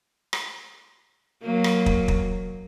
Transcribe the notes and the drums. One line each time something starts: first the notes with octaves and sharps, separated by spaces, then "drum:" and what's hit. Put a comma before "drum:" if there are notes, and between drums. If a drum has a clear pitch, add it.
drum: rim click
F#3 A#3
drum: rim click
drum: kick
drum: kick